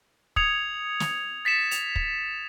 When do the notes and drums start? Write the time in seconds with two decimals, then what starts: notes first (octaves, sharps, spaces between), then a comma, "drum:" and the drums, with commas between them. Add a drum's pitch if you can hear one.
0.36 D#6 G#6 C#7 F7, drum: kick
1.00 drum: snare
1.45 A6 B6 C#7 E7
1.71 F7, drum: hi-hat
1.96 drum: kick